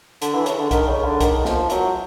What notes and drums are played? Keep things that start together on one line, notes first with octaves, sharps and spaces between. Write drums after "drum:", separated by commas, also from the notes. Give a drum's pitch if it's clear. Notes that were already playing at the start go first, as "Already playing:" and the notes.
D3, drum: hi-hat
E3
C#3, drum: hi-hat
D3
D#3, drum: kick C2, hi-hat
C#3
D3
D#3, drum: kick C2, hi-hat
F3, drum: snare
F#3, drum: hi-hat